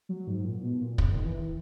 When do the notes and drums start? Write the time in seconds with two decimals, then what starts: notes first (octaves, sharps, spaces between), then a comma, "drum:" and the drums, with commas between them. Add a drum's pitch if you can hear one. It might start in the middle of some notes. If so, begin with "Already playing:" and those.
0.09 F#3
0.27 G#2
0.45 A#2
0.63 B2
0.81 A#2
0.98 C#3, drum: kick
1.12 D#3
1.25 E3